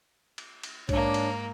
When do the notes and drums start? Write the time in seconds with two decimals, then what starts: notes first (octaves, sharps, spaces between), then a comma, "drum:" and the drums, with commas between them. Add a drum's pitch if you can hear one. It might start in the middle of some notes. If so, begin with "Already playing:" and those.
0.38 drum: cymbal
0.63 drum: cymbal
0.89 G#2 A#3 D4 C#5, drum: kick, cymbal
1.14 drum: cymbal